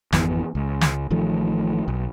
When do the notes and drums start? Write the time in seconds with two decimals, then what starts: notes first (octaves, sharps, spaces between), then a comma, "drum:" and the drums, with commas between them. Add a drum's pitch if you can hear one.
0.12 G#1 F2 E3 B3, drum: snare
0.55 C#2
0.81 drum: snare
1.10 A1 D#3 F3 A3
1.88 B1